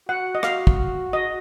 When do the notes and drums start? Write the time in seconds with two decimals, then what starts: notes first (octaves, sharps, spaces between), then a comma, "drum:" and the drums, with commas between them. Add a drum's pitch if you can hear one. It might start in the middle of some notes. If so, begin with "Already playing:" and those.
0.08 F#4 F#5
0.35 D#5
0.43 F#4 F5, drum: rim click
0.67 drum: kick
1.13 D#5